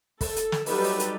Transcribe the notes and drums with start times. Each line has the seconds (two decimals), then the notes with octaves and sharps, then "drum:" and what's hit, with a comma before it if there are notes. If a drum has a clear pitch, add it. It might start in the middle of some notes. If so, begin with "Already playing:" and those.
0.21 A4, drum: kick, open hi-hat
0.36 drum: hi-hat
0.52 drum: snare
0.66 F#3 G3 D#4 G4 A4 B4, drum: open hi-hat
0.84 drum: open hi-hat
1.00 drum: hi-hat